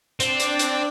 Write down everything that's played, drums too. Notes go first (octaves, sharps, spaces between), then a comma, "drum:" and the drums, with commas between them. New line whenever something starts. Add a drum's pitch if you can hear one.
C4 D4 D5, drum: hi-hat
drum: hi-hat
drum: hi-hat